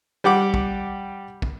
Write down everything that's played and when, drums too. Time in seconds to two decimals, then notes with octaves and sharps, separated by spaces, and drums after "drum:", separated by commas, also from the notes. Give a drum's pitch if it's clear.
0.24 G3 G4 F#5 D6
0.54 drum: kick
1.42 drum: kick